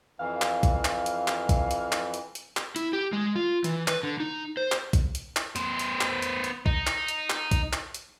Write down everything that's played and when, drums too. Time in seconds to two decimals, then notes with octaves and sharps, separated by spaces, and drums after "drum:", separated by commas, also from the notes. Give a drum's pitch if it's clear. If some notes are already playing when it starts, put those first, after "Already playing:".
0.19 F2 E3 F5
0.42 drum: clap
0.63 drum: kick, hi-hat
0.85 drum: clap
1.06 drum: hi-hat
1.28 drum: clap
1.49 drum: kick, hi-hat
1.71 drum: hi-hat
1.92 drum: clap
2.14 drum: hi-hat
2.35 drum: hi-hat
2.57 drum: clap
2.76 E4, drum: hi-hat
2.93 G4
3.13 G#3
3.36 F4
3.64 E3, drum: hi-hat
3.88 B4, drum: clap
4.03 D3
4.20 D#4
4.57 C5
4.72 drum: clap
4.93 drum: kick, hi-hat
5.15 drum: hi-hat
5.36 drum: clap
5.56 B3 C5, drum: hi-hat
5.79 drum: hi-hat
6.01 drum: clap
6.22 drum: hi-hat
6.44 drum: hi-hat
6.66 D#4, drum: kick
6.87 drum: clap
7.08 drum: hi-hat
7.30 drum: clap
7.51 drum: kick, hi-hat
7.73 drum: clap
7.94 drum: hi-hat